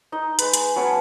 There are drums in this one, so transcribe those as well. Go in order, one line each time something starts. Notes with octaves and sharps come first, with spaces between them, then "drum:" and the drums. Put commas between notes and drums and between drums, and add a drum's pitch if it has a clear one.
D#4 D#5
G#3 B4, drum: hi-hat
drum: hi-hat
F#3 B3 C#4 A5